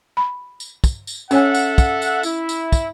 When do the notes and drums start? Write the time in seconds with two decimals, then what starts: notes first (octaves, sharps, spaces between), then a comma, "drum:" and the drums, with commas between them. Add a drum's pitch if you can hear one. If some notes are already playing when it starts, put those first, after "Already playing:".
0.17 B5
0.60 drum: tambourine
0.84 drum: kick, tambourine
1.07 drum: tambourine
1.31 C#4 A4 C#5 E5 F#5 G#5, drum: tambourine
1.54 drum: tambourine
1.78 drum: kick, tambourine
2.02 drum: tambourine
2.23 E4, drum: tambourine
2.49 drum: tambourine
2.72 drum: kick, tambourine